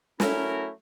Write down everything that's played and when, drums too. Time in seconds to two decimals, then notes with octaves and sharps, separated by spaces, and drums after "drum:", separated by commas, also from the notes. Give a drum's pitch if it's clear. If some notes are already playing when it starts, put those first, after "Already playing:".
0.20 F#3 A3 C#4 E4 A#4, drum: snare